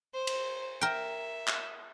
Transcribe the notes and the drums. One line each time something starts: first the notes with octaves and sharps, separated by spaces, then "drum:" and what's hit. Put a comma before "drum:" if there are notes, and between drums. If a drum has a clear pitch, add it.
C5
drum: cymbal
A#4 E5 G5
drum: clap